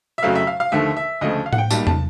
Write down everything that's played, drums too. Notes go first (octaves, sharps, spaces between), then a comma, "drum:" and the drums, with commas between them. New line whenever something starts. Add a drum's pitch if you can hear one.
E5
F2 C#3 F#3 A3 F5
E5
F5
F5
D#2 D3 F3 A3 E5
E5
D2 C#3 F3 A3 D#5
F5
F#5, drum: tom A2
G5
B1 A#2 G3 A5, drum: tambourine
A5, drum: tom E2